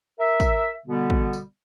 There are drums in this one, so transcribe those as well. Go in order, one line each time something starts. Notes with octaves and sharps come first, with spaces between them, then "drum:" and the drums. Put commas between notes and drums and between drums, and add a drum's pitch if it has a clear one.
A#4 E5
drum: kick, tambourine
B2 D3 G3 B3
drum: kick
drum: tambourine